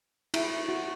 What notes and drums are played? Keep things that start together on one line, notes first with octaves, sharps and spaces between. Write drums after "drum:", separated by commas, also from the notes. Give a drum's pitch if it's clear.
E4, drum: cymbal
F#4